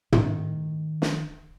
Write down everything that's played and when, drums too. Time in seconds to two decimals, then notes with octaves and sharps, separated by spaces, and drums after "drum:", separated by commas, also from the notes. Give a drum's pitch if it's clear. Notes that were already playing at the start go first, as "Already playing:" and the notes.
0.12 D#3, drum: tom
1.02 drum: snare